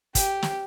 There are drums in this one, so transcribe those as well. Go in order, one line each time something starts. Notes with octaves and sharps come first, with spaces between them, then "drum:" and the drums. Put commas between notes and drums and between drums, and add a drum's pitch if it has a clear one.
G4, drum: kick, hi-hat
drum: snare